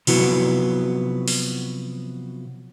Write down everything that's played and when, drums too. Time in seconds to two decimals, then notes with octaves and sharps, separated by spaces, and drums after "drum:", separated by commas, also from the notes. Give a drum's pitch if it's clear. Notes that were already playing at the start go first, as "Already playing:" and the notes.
0.07 C3 F3 F#3 B3 E4 F#4, drum: cymbal
1.28 drum: open hi-hat